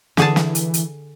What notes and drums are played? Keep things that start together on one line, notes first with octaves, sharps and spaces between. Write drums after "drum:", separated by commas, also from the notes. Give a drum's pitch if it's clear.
D3 E3 G#4 A5, drum: snare
drum: snare
drum: hi-hat
drum: hi-hat